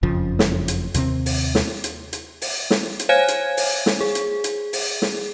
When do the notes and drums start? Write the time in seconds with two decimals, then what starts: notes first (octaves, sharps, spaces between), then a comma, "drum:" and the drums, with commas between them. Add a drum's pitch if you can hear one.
0.03 F#1 F2 C#3 F3
0.39 drum: snare
0.68 drum: hi-hat
0.94 D#2 C3 G3 C4, drum: hi-hat
1.26 drum: open hi-hat
1.55 drum: snare
1.84 drum: hi-hat
2.13 drum: hi-hat
2.42 drum: open hi-hat
2.70 drum: snare
2.99 drum: hi-hat
3.09 C5 C#5 F5 G#5 G#6
3.28 drum: hi-hat
3.57 drum: open hi-hat
3.86 drum: snare
4.01 G#4
4.15 drum: hi-hat
4.44 drum: hi-hat
4.73 drum: open hi-hat
5.02 drum: snare